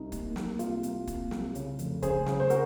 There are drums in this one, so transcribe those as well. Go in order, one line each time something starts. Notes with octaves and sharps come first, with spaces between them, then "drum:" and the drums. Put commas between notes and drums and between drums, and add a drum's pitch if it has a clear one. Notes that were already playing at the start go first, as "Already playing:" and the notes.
Already playing: C2 D#4
A#3, drum: kick, hi-hat
A#3, drum: snare
C2 F4, drum: hi-hat
C2, drum: hi-hat
A#2, drum: kick, hi-hat
C2, drum: snare
C#3, drum: hi-hat
F1, drum: hi-hat
C#3 G#4 C5, drum: kick, hi-hat
C#3, drum: snare
C5
F#4 A#4, drum: hi-hat